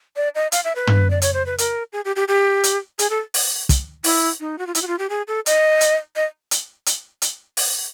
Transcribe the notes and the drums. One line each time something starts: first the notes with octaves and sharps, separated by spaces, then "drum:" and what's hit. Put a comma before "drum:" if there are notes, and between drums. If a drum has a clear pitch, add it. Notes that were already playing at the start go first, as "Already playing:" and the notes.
D5
D#5
F5, drum: hi-hat
E5
B4
drum: tom
D5
C#5, drum: hi-hat
C5
B4
A#4, drum: hi-hat
G#4
G4
G4
G4
drum: hi-hat
G#4, drum: hi-hat
A4
drum: open hi-hat
drum: kick, hi-hat
E4, drum: open hi-hat
D#4
F#4
F4
E4, drum: hi-hat
F#4
F4
G4
G#4
A4
D#5, drum: hi-hat
drum: hi-hat
D#5
drum: hi-hat
drum: hi-hat
drum: hi-hat
drum: open hi-hat